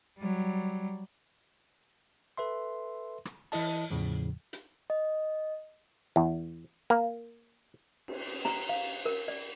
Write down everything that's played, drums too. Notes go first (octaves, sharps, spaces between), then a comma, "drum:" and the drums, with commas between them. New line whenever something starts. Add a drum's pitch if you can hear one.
F#3 G3
A4 B4 E5 C6
drum: rim click
E3 E4 D#5 A5, drum: open hi-hat
E2 A2 C#3 F3
drum: hi-hat
D#5
E2
A#3
drum: cymbal
A#5, drum: snare
F5
A#4
D5